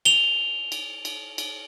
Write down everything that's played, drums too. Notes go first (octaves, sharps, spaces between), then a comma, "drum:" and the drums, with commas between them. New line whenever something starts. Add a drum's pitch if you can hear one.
F7 G7, drum: cymbal
drum: cymbal
drum: cymbal
drum: cymbal